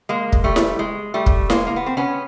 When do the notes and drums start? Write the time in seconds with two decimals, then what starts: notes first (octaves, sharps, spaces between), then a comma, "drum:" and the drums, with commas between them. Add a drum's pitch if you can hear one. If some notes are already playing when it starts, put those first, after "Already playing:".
0.09 G#3 A#3
0.32 drum: kick
0.44 G3 A3
0.56 drum: snare E4
0.79 G#3
1.14 G3 A3
1.26 drum: kick
1.50 G#3 A#3, drum: snare E4
1.67 A#3
1.76 B3
1.86 C4
1.97 B3 C#4